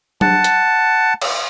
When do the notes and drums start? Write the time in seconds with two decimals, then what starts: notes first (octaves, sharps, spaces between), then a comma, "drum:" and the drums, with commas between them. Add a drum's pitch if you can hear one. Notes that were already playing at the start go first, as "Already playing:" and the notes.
0.21 F#5 A5, drum: tom F#3
0.44 drum: hi-hat
1.22 drum: cymbal